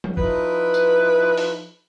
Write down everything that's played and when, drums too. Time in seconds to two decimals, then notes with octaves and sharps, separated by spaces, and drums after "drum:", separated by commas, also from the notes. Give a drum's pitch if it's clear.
0.04 drum: tom F3
0.17 F3 D#4 E4 B4, drum: kick
0.74 drum: tambourine
1.38 drum: open hi-hat